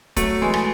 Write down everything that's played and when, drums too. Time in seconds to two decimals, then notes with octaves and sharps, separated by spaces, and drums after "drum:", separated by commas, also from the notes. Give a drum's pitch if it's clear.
0.16 F#3 A3, drum: kick, hi-hat
0.42 E3 G#3
0.54 drum: rim click